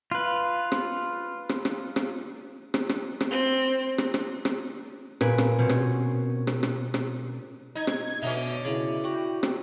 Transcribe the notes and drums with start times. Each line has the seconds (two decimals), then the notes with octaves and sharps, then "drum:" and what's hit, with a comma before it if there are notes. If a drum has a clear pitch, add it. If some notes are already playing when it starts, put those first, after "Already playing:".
0.11 F4 B4
0.72 drum: rim click
1.49 drum: rim click
1.65 drum: rim click
1.96 drum: rim click
2.74 drum: rim click
2.89 drum: rim click
3.21 drum: rim click
3.31 C4
3.98 drum: rim click
4.14 drum: rim click
4.45 drum: rim click
5.21 A#2 B4 G#5 D7, drum: rim click
5.38 drum: rim click
5.59 B2 C4 C#4
5.69 drum: rim click
6.47 drum: rim click
6.63 drum: rim click
6.94 drum: rim click
7.75 D#4 G#6
7.87 drum: rim click
8.22 B2 D3 C#4 D#4 E5
8.65 C#3 E4
9.04 F#4 G5
9.43 drum: rim click